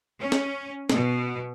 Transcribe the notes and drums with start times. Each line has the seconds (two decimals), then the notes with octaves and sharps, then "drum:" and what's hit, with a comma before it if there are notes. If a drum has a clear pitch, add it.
0.21 C#4
0.32 drum: snare
0.90 B2, drum: snare